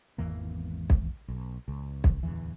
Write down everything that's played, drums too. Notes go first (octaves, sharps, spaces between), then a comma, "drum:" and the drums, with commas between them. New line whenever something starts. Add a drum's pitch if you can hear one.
G#1 E2 E3 A#3
drum: kick B1
B1
C#2
drum: kick B1
D1 G1 E2 E3